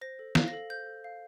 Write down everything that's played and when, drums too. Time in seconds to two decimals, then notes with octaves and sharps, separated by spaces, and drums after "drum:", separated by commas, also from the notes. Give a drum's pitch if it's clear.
0.01 C5 A#6
0.19 A4
0.35 F5, drum: snare
0.48 A#6
0.53 A4
0.70 C5 G6
0.87 A4
1.04 F5